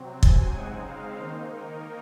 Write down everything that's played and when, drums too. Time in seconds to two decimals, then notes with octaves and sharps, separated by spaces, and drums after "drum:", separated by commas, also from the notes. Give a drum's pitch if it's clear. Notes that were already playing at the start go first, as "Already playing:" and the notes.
Already playing: C3 F#3 C4
0.23 G#5, drum: kick
0.54 C#3 G#3 C4 D#4 F#5
0.87 F5
1.19 D#3 A#3 D#4 C5
1.51 A#4